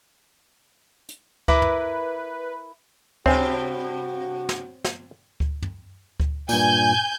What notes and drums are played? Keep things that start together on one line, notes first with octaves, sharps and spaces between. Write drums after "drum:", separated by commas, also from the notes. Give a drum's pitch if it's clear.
drum: hi-hat
E4 A#4 B4 D6, drum: kick D2
drum: tom
G2 C3 C4 F#4 G4 C#5 G#5, drum: kick D2
drum: snare
drum: snare
drum: kick D2
drum: tom
drum: kick D2
G2 A#2 G#5 G6, drum: tambourine